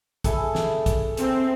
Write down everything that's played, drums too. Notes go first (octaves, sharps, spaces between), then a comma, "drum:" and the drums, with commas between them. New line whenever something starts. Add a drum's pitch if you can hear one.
E4 G#4 A4, drum: kick, hi-hat
drum: snare
drum: kick, hi-hat
C4, drum: hi-hat